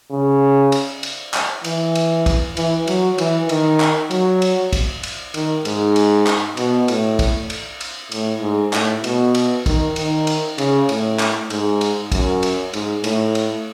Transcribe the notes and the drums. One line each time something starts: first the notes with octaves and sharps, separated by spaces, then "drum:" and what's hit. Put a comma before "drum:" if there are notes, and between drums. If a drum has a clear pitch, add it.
C#3
drum: cymbal
drum: cymbal
drum: clap
E3, drum: cymbal
drum: cymbal
drum: kick, cymbal
E3, drum: cymbal
F#3, drum: cymbal
E3, drum: cymbal
D#3, drum: cymbal
drum: clap
F#3, drum: cymbal
drum: cymbal
drum: kick, cymbal
drum: cymbal
D#3, drum: cymbal
G#2, drum: cymbal
drum: cymbal
drum: clap
B2, drum: cymbal
A2, drum: cymbal
drum: kick, cymbal
drum: cymbal
drum: cymbal
A2, drum: cymbal
G#2
A2, drum: clap
B2, drum: cymbal
drum: cymbal
D#3, drum: kick, cymbal
D#3, drum: cymbal
drum: cymbal
C#3, drum: cymbal
A2, drum: cymbal
drum: clap
G#2, drum: cymbal
drum: cymbal
F#2, drum: kick, cymbal
drum: cymbal
G#2, drum: cymbal
A2, drum: cymbal
drum: cymbal